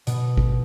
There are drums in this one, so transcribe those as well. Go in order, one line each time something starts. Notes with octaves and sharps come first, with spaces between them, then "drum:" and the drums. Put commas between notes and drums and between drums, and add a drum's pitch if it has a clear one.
B2, drum: hi-hat
drum: kick